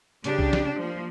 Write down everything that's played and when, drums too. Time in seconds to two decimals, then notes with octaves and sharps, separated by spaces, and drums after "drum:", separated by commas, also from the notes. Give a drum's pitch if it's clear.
0.24 C#3 D4 G4, drum: hi-hat
0.39 drum: kick C2
0.53 drum: snare
0.78 F3 A#3